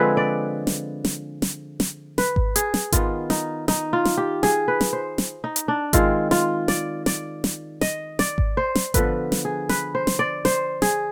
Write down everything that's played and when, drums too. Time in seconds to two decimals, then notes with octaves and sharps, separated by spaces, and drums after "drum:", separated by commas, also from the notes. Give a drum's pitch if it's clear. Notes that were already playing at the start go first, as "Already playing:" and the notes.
Already playing: D3 F3 G#3 C4 G#4 B4
0.17 D5
0.67 drum: snare
1.05 drum: snare
1.42 drum: snare
1.80 drum: snare
2.18 B4, drum: snare
2.36 drum: kick G#1
2.56 G#4, drum: hi-hat
2.74 drum: snare
2.92 D#3 B3 F4, drum: kick G#1, hi-hat
3.30 D#4, drum: snare
3.68 D#4, drum: snare
3.93 F4
4.05 drum: snare
4.18 G4
4.43 G#4, drum: snare
4.68 B4
4.81 drum: snare
4.93 C5
5.18 drum: snare
5.44 D#4
5.56 drum: hi-hat
5.68 D4
5.93 D#3 G#3 C4 F4, drum: kick G#1, hi-hat
6.31 F4, drum: snare
6.68 D5, drum: snare
7.06 D5, drum: snare
7.44 drum: snare
7.81 D#5, drum: snare
8.19 D5, drum: snare
8.38 drum: kick G#1
8.57 C5
8.75 drum: snare
8.94 D3 F3 B3 B4, drum: kick G#1, hi-hat
9.32 drum: snare
9.45 G#4
9.69 B4, drum: snare
9.95 C5
10.07 drum: snare
10.19 D5
10.45 C5, drum: snare
10.82 G#4, drum: snare